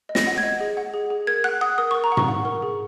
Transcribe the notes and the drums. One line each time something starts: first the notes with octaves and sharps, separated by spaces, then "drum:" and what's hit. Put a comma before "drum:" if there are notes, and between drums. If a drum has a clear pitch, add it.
D#5
A#6, drum: snare
F#5
G#6
D#5
G#4
F#5
G#4
G#4
A#4 G#6
F#5 F#6
F#5 D#6
A#4 D#6
A#4 C#6
A#5
F#5
C#6, drum: tom G#2
F#5
A#4
G#4